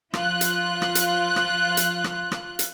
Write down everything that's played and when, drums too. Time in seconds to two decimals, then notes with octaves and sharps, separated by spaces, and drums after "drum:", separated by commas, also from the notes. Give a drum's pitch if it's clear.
0.14 F3 F4 F#6, drum: rim click
0.41 drum: hi-hat
0.82 drum: rim click
0.95 drum: hi-hat
1.36 drum: rim click
1.77 drum: hi-hat
2.04 drum: rim click
2.32 drum: rim click
2.59 drum: hi-hat